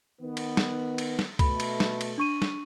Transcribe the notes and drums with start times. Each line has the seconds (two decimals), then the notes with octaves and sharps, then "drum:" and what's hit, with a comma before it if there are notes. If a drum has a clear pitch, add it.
0.22 D#3 B3
0.37 drum: cymbal
0.57 drum: snare
0.98 drum: cymbal
1.19 drum: snare
1.39 B2 A3 B5, drum: kick C#2, cymbal
1.60 drum: cymbal
1.80 drum: snare
2.01 drum: cymbal
2.18 D4 C#6 D#7
2.42 drum: snare